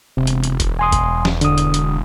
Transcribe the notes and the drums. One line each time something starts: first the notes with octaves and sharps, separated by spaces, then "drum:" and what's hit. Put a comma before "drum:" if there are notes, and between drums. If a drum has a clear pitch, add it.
E1 C3
drum: hi-hat
drum: hi-hat
drum: kick, hi-hat
G#5 C6 D#6
drum: kick, hi-hat
drum: snare
D3 D#6, drum: hi-hat
drum: hi-hat
drum: hi-hat